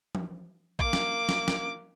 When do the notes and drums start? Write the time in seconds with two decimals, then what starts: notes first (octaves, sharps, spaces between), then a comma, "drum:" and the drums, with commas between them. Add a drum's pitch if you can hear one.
0.15 drum: tom F3
0.79 A#3 D6, drum: kick
0.93 drum: snare
1.29 drum: snare
1.48 drum: snare